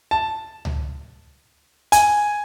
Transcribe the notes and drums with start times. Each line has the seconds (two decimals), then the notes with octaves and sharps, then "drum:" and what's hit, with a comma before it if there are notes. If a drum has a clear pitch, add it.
0.11 A5
0.65 drum: tom C#2
1.92 G#5, drum: hi-hat